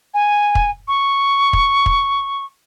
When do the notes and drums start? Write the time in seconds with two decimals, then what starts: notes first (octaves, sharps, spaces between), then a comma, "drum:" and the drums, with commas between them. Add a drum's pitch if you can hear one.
0.14 G#5
0.55 drum: kick
0.88 C#6
1.53 drum: kick
1.86 drum: kick